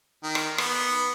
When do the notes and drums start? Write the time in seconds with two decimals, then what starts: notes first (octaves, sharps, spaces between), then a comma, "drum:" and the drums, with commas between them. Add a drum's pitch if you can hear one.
0.23 D#3
0.35 drum: rim click
0.58 B3, drum: rim click